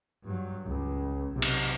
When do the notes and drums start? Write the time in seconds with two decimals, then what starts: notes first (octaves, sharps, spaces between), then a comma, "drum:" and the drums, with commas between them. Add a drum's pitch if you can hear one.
0.24 G2 F#3
0.66 C#2
1.33 B1 C3
1.42 drum: cymbal